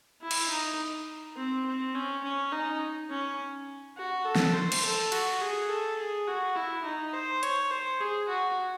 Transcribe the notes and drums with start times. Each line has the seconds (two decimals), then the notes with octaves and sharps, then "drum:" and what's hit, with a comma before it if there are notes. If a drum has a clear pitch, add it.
0.22 E4
0.31 drum: cymbal
0.50 D#4
1.36 C4
1.66 C4
1.95 C#4
2.24 C#4
2.52 D#4
3.10 C#4
3.97 F#4
4.25 A4
4.36 drum: snare
4.54 C5
4.72 drum: cymbal
4.83 A4
5.12 F#4, drum: cymbal
5.41 G#4
5.69 A4
5.99 G#4
6.27 F#4
6.56 E4
6.84 D#4
7.13 C5
7.43 C#5, drum: hi-hat
7.71 C5
8.00 G#4
8.28 F#4